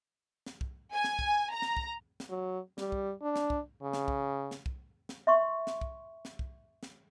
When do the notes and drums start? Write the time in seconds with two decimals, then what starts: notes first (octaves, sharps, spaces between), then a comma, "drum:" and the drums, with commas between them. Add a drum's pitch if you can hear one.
0.46 drum: snare
0.61 drum: kick
0.94 G#5
1.04 drum: snare
1.19 drum: kick
1.53 A#5
1.62 drum: snare
1.77 drum: kick
2.20 drum: snare
2.30 F#3
2.78 G3, drum: snare
2.92 drum: kick
3.22 D4
3.36 drum: snare
3.50 drum: kick
3.82 C#3
3.93 drum: snare
4.08 drum: kick
4.51 drum: snare
4.66 drum: kick
5.09 drum: snare
5.27 E5 C6 C#6
5.67 drum: snare
5.81 drum: kick
6.25 drum: snare
6.39 drum: kick
6.83 drum: snare